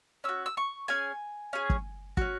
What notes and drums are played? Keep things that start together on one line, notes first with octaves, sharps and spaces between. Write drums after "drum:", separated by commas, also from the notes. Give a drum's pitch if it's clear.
C#4 F#4 E6
E6
C#6
C#4 G#4 G#5
C#4 G#4
drum: kick
C#4 F#4, drum: kick